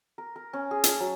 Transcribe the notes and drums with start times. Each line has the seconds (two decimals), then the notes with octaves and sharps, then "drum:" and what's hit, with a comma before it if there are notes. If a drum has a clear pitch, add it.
0.18 A#4
0.36 A#4
0.53 C#4
0.71 G#4
0.84 A5, drum: hi-hat
1.00 F#3